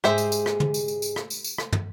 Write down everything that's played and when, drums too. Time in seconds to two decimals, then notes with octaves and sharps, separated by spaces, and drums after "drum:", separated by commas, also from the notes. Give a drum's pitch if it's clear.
0.04 G#2 G4 G#4 C5 E5, drum: rim click
0.18 drum: tambourine
0.32 drum: tambourine
0.46 drum: rim click
0.60 drum: tom
0.74 drum: tambourine
0.88 drum: tambourine
1.02 drum: tambourine
1.16 drum: rim click
1.30 drum: tambourine
1.44 drum: tambourine
1.58 drum: rim click
1.72 drum: tom